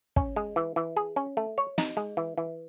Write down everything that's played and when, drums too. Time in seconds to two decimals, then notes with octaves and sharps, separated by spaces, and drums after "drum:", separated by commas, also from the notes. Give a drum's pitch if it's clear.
0.16 C#4, drum: kick
0.36 G#3
0.56 E3
0.76 E3
0.97 G#4
1.16 C#4
1.37 A3
1.58 C#5
1.78 D#4, drum: snare
1.97 G#3
2.17 E3
2.37 E3